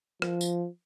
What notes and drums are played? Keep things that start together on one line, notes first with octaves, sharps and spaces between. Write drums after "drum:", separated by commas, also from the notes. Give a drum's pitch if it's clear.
F3, drum: rim click
drum: tambourine